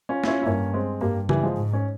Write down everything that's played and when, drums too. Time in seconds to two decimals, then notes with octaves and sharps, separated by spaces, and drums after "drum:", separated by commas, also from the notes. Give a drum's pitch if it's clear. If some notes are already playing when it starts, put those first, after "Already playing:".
0.09 C#4 F4
0.24 E4, drum: snare A#3
0.27 C#4 F4
0.42 E4
0.46 G2 A#3 C#4
0.74 G#3 C4
1.01 G2 G3 A#3
1.29 E3 G3, drum: tom C#3
1.43 F3 G#3
1.57 G#2
1.73 C#4